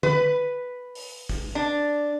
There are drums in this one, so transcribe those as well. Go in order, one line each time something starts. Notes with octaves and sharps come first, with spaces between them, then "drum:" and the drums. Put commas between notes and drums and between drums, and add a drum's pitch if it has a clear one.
B4, drum: tom D3
drum: open hi-hat
drum: kick
D4